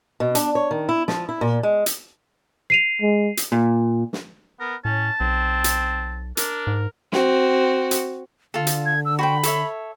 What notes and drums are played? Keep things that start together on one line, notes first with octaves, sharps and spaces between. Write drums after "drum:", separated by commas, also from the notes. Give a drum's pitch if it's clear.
B2
D4, drum: hi-hat
C#5
D#3
E4
F3, drum: snare
E4
A#2
G#3
drum: hi-hat
C7 D#7 F7
G#3
drum: hi-hat
A#2
drum: snare
B3 A#4
A2 C#4 A5
B1 C4
drum: hi-hat
D4 A#4, drum: hi-hat
G#2
C4 F#4, drum: snare
drum: hi-hat
D3 F4 A4
drum: hi-hat
G#6
E6
F#4 C5 G5 B5
A4 C#5 E5, drum: hi-hat